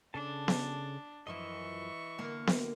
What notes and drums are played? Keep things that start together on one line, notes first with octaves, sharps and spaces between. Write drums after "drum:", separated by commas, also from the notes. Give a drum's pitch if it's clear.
C#3 D4 A4 A5
drum: snare B3
F#2 E3 F3 E4 D#5 C#6
D3 A#3 B3
drum: snare B3